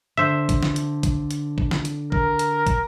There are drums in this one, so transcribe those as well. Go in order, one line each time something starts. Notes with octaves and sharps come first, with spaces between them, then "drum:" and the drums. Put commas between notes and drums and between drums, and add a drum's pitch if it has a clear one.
D3 C5 E5
drum: kick, hi-hat
drum: snare
drum: hi-hat
drum: kick, hi-hat
drum: hi-hat
drum: kick
drum: snare
drum: hi-hat
A#4, drum: kick
drum: hi-hat
drum: kick, hi-hat